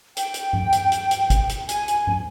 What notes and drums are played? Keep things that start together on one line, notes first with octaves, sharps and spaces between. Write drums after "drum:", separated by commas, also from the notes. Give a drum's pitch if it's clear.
G5, drum: hi-hat
drum: hi-hat
drum: tom G2
drum: hi-hat
drum: hi-hat
drum: hi-hat
drum: kick, hi-hat
drum: hi-hat
G#5, drum: hi-hat
drum: hi-hat
drum: tom G2